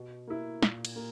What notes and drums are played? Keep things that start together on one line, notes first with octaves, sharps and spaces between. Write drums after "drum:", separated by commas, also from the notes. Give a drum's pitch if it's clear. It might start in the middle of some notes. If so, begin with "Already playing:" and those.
Already playing: B2
A#3 E4
A#2, drum: snare
drum: cymbal
A#3